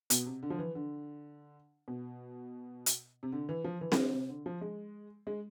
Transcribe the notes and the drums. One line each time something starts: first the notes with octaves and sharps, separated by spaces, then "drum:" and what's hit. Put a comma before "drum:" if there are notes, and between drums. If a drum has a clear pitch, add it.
B2, drum: hi-hat
C3
D3
F3
E3
D3
B2
drum: hi-hat
C3
D3
E3
F3
E3
E3, drum: snare C4
D3
C3
D3
F3
G#3
G#3